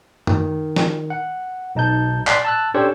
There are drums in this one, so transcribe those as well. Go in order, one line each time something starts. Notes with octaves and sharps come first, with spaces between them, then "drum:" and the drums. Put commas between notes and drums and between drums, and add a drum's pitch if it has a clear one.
D#3, drum: tom F#2
drum: snare
F#5
B1 D#4 A5 G6
D5 C6 F#6 B6 C7, drum: clap
A5 E6 F#6
C#4 D4 G4 A4 C5 C#5